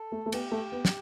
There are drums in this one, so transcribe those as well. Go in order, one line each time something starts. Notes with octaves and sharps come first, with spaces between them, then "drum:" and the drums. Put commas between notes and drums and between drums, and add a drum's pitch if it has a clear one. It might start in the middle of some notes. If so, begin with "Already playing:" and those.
Already playing: A4
A3
A3
B3 G4, drum: cymbal
A3
B3
drum: snare